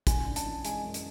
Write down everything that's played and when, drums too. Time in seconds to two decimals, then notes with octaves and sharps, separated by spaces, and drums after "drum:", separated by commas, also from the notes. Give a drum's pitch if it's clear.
0.07 F#2 G#5, drum: kick, hi-hat
0.26 D4
0.36 A5, drum: hi-hat
0.46 E3
0.65 G#3 G#5, drum: hi-hat
0.84 F#2
0.94 drum: hi-hat